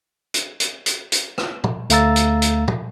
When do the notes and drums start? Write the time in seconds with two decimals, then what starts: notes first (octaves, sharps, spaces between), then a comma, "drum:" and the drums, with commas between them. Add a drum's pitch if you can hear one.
0.34 drum: hi-hat
0.60 drum: hi-hat
0.86 drum: hi-hat
1.12 drum: hi-hat
1.38 drum: rim click
1.64 drum: tom
1.90 D2 A3 F5 A#5 E6 A6, drum: hi-hat
2.16 drum: hi-hat
2.42 drum: hi-hat
2.68 drum: tom